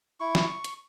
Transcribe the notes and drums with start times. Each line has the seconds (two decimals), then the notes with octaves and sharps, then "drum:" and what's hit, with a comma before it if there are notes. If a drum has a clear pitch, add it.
0.20 E4 C#6
0.35 drum: snare
0.64 drum: hi-hat